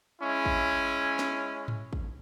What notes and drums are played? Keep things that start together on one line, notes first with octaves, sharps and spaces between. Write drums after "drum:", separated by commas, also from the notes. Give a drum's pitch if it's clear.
G#3 C#4 E4
drum: kick
drum: snare
drum: tom G#2
drum: kick